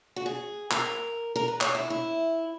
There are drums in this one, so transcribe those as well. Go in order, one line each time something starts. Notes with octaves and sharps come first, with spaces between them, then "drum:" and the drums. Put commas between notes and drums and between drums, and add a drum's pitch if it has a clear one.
F#4
G#4
A#4, drum: clap
A#4
B4
C#5, drum: clap
E4
E4